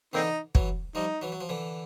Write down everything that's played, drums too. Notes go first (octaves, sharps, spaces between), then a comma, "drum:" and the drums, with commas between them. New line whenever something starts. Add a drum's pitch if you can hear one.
D3 E3 A#3 C4 D#4
E3 F#3, drum: kick
F3 G3 D#4
E3 F#3
F#3
F3
D3 E3